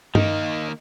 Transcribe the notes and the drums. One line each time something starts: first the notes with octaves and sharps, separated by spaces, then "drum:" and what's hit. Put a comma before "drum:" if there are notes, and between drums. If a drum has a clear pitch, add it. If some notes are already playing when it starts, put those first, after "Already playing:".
D#3 A#3 D#4, drum: tom G2